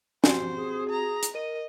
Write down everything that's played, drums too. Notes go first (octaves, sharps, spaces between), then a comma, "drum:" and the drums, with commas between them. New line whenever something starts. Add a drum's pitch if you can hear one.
C4 F#4 G4 C5, drum: snare
G#4
A#5
drum: hi-hat
A#4 D#5 D#7